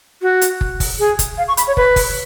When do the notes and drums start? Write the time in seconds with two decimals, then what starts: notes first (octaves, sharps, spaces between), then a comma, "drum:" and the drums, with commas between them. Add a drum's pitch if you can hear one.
0.22 F#4
0.41 drum: hi-hat
0.61 drum: kick
0.80 drum: kick, open hi-hat
0.99 G#4
1.19 drum: kick, hi-hat
1.38 F5
1.48 C#6
1.57 B5, drum: hi-hat
1.67 C#5
1.77 B4, drum: kick
1.96 drum: kick, open hi-hat